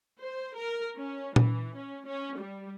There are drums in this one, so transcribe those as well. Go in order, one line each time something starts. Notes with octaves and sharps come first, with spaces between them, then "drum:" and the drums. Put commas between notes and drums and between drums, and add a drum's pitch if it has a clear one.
C5
A#4
C#4
E3, drum: tom A#2
C#4
C#4
G3